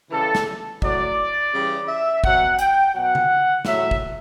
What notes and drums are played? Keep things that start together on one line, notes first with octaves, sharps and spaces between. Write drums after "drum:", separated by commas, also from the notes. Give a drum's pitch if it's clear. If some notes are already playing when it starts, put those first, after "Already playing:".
C#3 E3 G3 A4
drum: snare
A2 F#3 D5, drum: kick
C#3 E3 G3
E5
B2 F#3 F#5, drum: kick
G5, drum: hi-hat
B2 F#3 F#5
drum: tom C#3
A2 F#3 E5, drum: snare
drum: kick